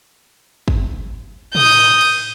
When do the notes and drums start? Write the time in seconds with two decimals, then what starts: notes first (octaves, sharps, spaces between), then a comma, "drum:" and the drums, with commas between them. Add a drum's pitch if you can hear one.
0.68 drum: kick
1.55 D#6 G6, drum: tom
2.01 drum: cymbal